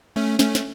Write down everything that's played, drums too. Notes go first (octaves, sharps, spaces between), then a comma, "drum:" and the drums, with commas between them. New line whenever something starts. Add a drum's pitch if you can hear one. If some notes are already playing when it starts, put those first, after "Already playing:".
A3 C#4
A3 C#4, drum: snare
drum: snare